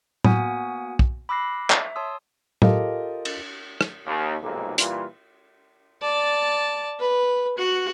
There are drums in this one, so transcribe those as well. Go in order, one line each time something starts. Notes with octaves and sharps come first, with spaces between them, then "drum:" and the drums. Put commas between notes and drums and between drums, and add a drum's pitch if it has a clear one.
A#3 B3 F#4 F#5 G#5 D#6, drum: tom A2
drum: kick
B5 D6 E6 F#6 A#6 C7
E5, drum: clap
C#5 A5 C6 D#6 E6
F4 G4 A4 A#4 D#5, drum: tom A2
drum: cymbal
drum: rim click
D#2
B1 F2 G#2 C3 G#3 A#3
A#2 E3 G3 F4, drum: hi-hat
D5 A5
B4
F#4 F#5